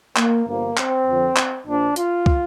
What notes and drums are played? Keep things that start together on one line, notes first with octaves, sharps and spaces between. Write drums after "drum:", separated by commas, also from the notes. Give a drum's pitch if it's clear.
A#3, drum: clap
G1 G2 F3 A#3
C4, drum: clap
F2 D3 F3
drum: clap
A#1 A#2 F3 D4
F4, drum: hi-hat
drum: kick